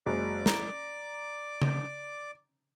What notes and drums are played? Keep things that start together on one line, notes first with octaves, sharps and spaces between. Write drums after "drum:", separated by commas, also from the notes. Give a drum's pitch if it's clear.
F#1 F#3 G#3 D5 D6
A#5, drum: snare
drum: tom C#3